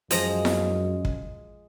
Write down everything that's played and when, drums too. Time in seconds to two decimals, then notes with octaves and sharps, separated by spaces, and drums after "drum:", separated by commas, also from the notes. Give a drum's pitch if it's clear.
0.11 F#2 F3 G#3 A#5, drum: hi-hat
0.45 drum: snare E4
1.05 drum: kick